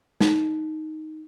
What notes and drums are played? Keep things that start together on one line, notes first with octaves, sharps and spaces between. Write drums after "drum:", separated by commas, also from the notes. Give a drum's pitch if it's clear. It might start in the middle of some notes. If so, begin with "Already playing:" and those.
D#4, drum: snare